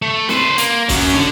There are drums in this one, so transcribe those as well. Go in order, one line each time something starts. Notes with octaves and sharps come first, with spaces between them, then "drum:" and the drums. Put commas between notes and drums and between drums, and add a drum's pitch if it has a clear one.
A3
B4 C5, drum: snare
A#3, drum: hi-hat
F#2 F#3, drum: kick, open hi-hat
D3